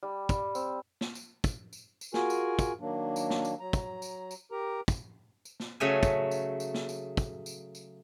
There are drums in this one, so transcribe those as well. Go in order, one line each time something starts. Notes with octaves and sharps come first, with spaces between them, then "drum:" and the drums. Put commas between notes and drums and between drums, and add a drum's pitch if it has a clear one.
G3
G3, drum: kick, tambourine
C4, drum: tambourine
drum: snare
drum: tambourine
drum: kick, tambourine
drum: tambourine
drum: tambourine
F4 F#4 G#4 A#4 G#5, drum: snare
drum: tambourine
drum: kick, tambourine
D#3 F#3 A#3 D4
drum: tambourine
drum: snare
drum: tambourine
F#3 A#5
drum: kick, tambourine
drum: tambourine
drum: tambourine
G4 A#4 A#5
drum: kick, tambourine
drum: tambourine
drum: snare
C#3 F#3 A3 E5 G#5
drum: kick, tambourine
drum: tambourine
drum: tambourine
drum: snare
drum: tambourine
drum: kick, tambourine
drum: tambourine
drum: tambourine